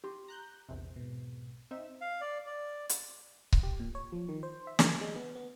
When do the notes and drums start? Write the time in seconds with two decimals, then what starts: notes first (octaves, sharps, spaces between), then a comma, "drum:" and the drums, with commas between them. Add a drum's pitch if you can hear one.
0.04 G4 C6
0.28 A#5 F#6 G6
0.69 A#1 E2 C3
0.96 G#2 B2
1.71 C4 D#4 E5 E6
2.01 F5
2.21 D5
2.46 D5
2.89 drum: hi-hat
3.53 drum: kick C#1
3.63 G4
3.80 A#2
3.95 C#5
4.12 F3
4.28 D#3
4.43 C5
4.67 E5
4.79 A#4, drum: snare
5.01 G#3
5.16 B3
5.35 B3